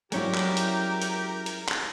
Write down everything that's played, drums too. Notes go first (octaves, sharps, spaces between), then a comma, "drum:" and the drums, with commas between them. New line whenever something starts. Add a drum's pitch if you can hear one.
F#3 G#3 C#4 E4 G4 A#4 D5, drum: hi-hat
drum: clap
drum: hi-hat
drum: hi-hat
drum: hi-hat
drum: clap